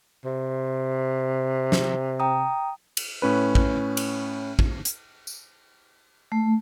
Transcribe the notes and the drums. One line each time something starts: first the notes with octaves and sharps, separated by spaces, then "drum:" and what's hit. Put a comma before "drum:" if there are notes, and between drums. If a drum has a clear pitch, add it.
C3
drum: snare
G5 A#5 D#6
drum: cymbal
A2 C#4 B4
drum: kick
drum: cymbal
drum: kick
drum: hi-hat
drum: tambourine
A3